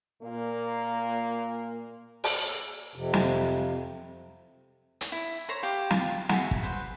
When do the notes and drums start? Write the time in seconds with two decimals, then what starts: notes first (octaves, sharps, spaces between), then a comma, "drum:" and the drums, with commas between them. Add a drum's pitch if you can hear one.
0.22 A#2 A#3
2.24 drum: open hi-hat
2.95 F2 C3
3.14 drum: snare
5.01 drum: hi-hat
5.12 E4
5.49 C5 C#5 A#5 B5
5.63 G4 F5
5.90 F4, drum: snare
6.29 F#4 G#4 E5, drum: snare
6.51 drum: kick
6.63 B4 C5